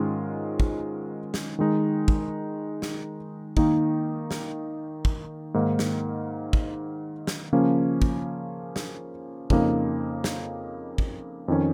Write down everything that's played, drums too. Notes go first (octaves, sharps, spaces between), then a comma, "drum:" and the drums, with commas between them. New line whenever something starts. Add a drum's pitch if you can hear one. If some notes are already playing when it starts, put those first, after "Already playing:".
Already playing: G#2 D#3 G#3 C#4 F4
drum: kick
drum: snare
D#3 G#3 D#4
drum: kick
drum: snare
D#3 A#3 D#4, drum: kick
drum: snare
drum: kick
G#2 D#3 A#3
drum: snare
drum: kick
drum: snare
C#3 F3 A#3 C#4
drum: kick
drum: snare
F2 C#3 A#3 D#4, drum: kick
drum: snare
drum: kick
F2 D#3 C#4